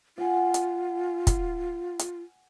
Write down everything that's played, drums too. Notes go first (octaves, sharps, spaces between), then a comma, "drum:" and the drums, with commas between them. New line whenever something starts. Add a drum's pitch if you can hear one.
F4 F#5 G#5
drum: hi-hat
drum: kick, hi-hat
drum: hi-hat